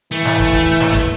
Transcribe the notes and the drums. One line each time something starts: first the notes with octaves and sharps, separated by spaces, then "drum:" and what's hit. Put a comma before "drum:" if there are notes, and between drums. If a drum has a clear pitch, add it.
E3 A3
drum: snare G#2
drum: kick
drum: kick, hi-hat
drum: snare G#2
drum: kick